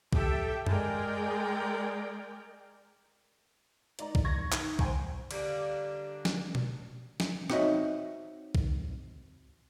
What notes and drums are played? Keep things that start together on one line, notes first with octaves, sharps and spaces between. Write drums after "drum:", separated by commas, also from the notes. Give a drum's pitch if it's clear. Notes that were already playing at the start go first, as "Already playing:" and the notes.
G4 A4 E5 G5, drum: kick B1
G#3 G#4 A#4 D5 G5, drum: tom F#2
D#4 D5 A#5, drum: hi-hat
drum: kick B1
C#6 G#6 A#6
D#3, drum: clap
C5 G5 G#5 C#6, drum: kick B1
D3 G3 A#3 D4, drum: cymbal
drum: snare
drum: tom B2
drum: snare
C4 D#4 F#4 C#5 D#5 E5, drum: rim click
drum: kick B1